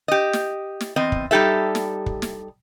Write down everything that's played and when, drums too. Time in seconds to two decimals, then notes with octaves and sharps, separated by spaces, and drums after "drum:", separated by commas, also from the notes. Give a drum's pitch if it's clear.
0.08 G4 D#5
0.33 drum: snare
0.81 drum: snare
0.96 E2 C4 D#5
1.12 drum: kick
1.31 G3 D#4 G4 A4 E5
1.75 drum: snare
2.06 drum: kick
2.22 drum: snare